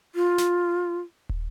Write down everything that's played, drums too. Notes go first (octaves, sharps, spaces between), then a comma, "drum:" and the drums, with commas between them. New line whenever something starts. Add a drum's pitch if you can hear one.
F4
drum: snare
drum: kick